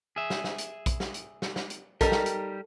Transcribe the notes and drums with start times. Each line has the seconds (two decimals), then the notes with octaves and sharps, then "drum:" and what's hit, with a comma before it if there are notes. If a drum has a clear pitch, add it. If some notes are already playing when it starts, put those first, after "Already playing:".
0.16 G#4 E5
0.30 drum: snare
0.44 drum: snare
0.58 drum: hi-hat
0.86 drum: kick A#1, hi-hat
1.00 drum: snare
1.14 drum: hi-hat
1.42 drum: snare
1.56 drum: snare
1.70 drum: hi-hat
2.01 G3 D#4 G4 A4 A#4, drum: kick A#1, hi-hat
2.12 drum: snare
2.26 drum: hi-hat